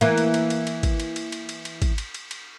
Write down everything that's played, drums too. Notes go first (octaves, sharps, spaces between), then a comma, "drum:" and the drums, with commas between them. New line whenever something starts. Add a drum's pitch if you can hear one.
E3 A#3, drum: cymbal
drum: cymbal
drum: cymbal
drum: cymbal
drum: cymbal
drum: kick, cymbal
drum: cymbal
drum: cymbal
drum: cymbal
drum: cymbal
drum: cymbal
drum: kick, cymbal
drum: cymbal
drum: cymbal
drum: cymbal